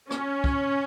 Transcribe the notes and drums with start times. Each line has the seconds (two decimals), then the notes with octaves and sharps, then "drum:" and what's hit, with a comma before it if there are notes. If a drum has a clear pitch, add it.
0.11 C#4, drum: rim click
0.44 drum: kick